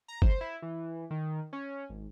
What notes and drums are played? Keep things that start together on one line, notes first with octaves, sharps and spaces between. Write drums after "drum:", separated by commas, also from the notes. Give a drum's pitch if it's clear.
A#5
C5, drum: kick
E4
E3
D#3
C#4
G#1